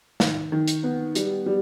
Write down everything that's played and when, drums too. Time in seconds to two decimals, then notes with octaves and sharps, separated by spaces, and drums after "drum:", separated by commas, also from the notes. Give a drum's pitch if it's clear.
0.20 D#3, drum: snare
0.52 D#3
0.68 drum: hi-hat
0.83 B3
1.15 G3, drum: hi-hat
1.46 G3